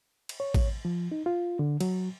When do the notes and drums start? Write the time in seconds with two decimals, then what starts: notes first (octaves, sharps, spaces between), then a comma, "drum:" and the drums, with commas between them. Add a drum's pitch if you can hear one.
0.29 drum: cymbal
0.40 C#5
0.54 drum: kick A1, cymbal
0.85 F3
1.12 D#4
1.26 F4
1.59 D3
1.81 F#3, drum: cymbal